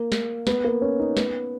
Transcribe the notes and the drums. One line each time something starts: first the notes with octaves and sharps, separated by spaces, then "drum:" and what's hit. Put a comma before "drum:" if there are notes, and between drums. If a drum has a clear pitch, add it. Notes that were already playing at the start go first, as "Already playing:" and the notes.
Already playing: A#3
drum: snare
B3, drum: snare
A#3
C#4
D#4
B3, drum: snare